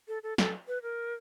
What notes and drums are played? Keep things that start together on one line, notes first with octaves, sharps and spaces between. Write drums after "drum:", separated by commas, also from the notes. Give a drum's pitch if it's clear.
A4
A4
A4, drum: snare
B4
A#4